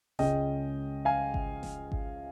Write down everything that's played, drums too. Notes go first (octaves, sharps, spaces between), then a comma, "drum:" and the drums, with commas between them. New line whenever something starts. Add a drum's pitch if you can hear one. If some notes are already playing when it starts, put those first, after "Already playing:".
C#2 C#3 G#3 C#4 D#5 G5, drum: snare F1
F5 G#5
drum: kick G#1
drum: snare F1
drum: kick G#1